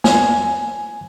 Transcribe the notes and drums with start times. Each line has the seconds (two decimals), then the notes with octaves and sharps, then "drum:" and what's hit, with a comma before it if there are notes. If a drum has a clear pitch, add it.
0.04 G#5, drum: snare